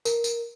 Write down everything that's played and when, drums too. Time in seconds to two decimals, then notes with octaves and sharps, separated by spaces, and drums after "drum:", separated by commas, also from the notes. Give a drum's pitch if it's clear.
0.05 A#4, drum: tambourine
0.24 drum: tambourine